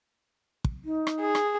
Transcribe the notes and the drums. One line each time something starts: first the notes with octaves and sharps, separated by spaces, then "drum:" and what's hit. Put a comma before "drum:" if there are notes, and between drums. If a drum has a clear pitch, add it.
drum: kick
D#4
drum: rim click
G#4
drum: rim click